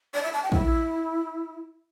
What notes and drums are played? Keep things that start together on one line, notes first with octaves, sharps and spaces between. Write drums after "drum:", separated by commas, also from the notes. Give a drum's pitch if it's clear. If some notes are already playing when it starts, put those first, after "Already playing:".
D5
E5
A5
G5
E4, drum: kick